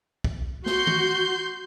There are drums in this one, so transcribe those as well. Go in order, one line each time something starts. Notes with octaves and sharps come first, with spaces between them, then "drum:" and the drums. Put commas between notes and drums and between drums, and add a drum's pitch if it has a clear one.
drum: kick
F#4 C6 G6, drum: snare
drum: tom